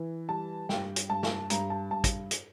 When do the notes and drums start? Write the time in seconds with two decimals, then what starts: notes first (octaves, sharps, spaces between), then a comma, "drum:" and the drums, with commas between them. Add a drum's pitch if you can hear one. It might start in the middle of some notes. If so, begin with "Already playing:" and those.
Already playing: E3
0.29 G3 A5
0.69 G2 G5, drum: snare
0.96 drum: hi-hat
1.09 G2 A5
1.23 drum: snare
1.50 G2 A#5, drum: hi-hat
1.70 A5
1.90 G2 A5
2.04 drum: kick, hi-hat
2.31 drum: hi-hat